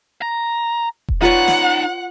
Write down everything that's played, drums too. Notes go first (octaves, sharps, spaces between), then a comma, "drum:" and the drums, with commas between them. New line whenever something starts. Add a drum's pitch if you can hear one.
A#5
drum: kick E1
D#4 F4 B4 C#5 D5 F#5
drum: snare